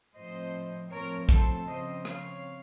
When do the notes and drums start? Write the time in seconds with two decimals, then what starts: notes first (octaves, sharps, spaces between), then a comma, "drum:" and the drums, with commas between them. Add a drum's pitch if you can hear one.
0.15 A2 F3 C4 C5 D#5
0.91 A2 F3 C4 A#4 C#5
1.29 A4 C5, drum: kick
1.67 C#3 F3 C4 C5 D#5
2.05 C#5 F5, drum: rim click